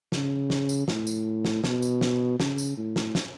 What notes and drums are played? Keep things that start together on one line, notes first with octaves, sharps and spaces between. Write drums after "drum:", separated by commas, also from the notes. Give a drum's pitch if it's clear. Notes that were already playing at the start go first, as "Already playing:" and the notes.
C#3, drum: snare
drum: snare
drum: tambourine
A2, drum: snare
drum: tambourine
drum: snare
B2, drum: snare
drum: tambourine
drum: snare
C#3, drum: snare
drum: tambourine
A2
drum: snare
drum: snare